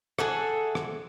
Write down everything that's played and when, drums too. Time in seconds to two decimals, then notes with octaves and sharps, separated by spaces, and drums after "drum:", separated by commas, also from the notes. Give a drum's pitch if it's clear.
0.19 G#4 A4 E5 F#5, drum: rim click
0.75 drum: rim click